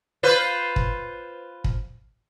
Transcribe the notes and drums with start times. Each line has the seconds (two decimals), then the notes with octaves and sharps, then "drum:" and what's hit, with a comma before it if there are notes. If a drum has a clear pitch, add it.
0.23 F4 B4 C5
0.76 drum: kick
1.64 drum: kick